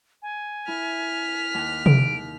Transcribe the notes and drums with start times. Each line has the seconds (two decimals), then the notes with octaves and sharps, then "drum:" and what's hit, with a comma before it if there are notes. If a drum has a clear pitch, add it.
0.22 G#5
0.68 E4 F6 B6
1.54 D#2 F#6
1.86 D7, drum: tom C3